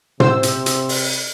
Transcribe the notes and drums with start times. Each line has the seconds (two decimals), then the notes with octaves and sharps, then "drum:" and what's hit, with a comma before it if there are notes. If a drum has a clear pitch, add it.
0.20 C3 C5 E6, drum: tom
0.43 drum: hi-hat
0.66 drum: hi-hat
0.89 drum: open hi-hat